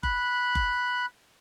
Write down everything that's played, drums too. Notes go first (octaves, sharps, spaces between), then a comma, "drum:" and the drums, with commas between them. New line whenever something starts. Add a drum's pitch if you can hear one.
B5 F#6, drum: kick F#1
drum: kick F#1